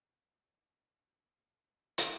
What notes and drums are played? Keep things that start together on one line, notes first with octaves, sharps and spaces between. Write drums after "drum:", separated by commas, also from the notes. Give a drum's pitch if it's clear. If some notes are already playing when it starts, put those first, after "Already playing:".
F2 D#5 B5 E6
drum: hi-hat